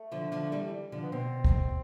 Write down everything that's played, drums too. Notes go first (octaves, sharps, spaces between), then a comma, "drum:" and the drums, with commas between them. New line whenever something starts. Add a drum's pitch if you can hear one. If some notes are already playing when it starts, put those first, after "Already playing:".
Already playing: A3
D3 F3
D3 F3
E3 G3
D3 F3
B3
B2 C4
drum: kick